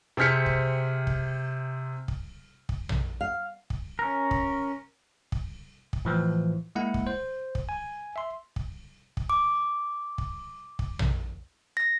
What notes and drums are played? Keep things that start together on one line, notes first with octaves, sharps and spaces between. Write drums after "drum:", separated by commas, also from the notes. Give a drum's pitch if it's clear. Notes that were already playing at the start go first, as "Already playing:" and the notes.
C3 C4 G#4 F6 B6 C#7
drum: kick
drum: kick
drum: kick
drum: kick
drum: tom A#1
F5
drum: kick
C#4 A#4
drum: kick
drum: kick
drum: kick
A2 E3 F3
G#3 A#3 E4 F#5
drum: kick
C5
drum: kick
G#5
E5 C6
drum: kick
drum: kick
D6
drum: kick
drum: kick
drum: tom A#1
A#6